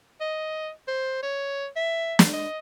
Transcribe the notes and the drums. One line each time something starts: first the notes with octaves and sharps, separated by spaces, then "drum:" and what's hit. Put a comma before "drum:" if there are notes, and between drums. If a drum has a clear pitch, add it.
D#5
C5
C#5
E5
drum: snare
D#5